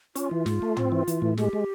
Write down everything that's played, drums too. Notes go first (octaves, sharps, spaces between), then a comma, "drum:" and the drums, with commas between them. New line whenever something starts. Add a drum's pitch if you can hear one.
C#4 F4, drum: hi-hat
E3
G#2, drum: snare
A3
C4, drum: tom
E3
E3, drum: hi-hat
A2
G#3 G4, drum: snare
G#3